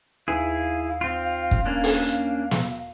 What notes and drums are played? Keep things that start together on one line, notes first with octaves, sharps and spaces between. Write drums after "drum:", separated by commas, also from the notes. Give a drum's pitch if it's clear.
D#2 E4 G#4 B4 F5 G#5
C4 F4
drum: kick
A#3 C#4 D4
drum: open hi-hat
drum: snare